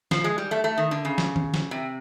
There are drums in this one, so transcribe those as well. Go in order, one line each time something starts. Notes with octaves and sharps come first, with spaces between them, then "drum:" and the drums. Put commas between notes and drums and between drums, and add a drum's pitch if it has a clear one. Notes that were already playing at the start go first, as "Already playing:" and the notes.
F3, drum: snare
G#3
G3
A3
A3
D#3
D3
C#3
drum: snare
drum: tom D#3
drum: snare
C3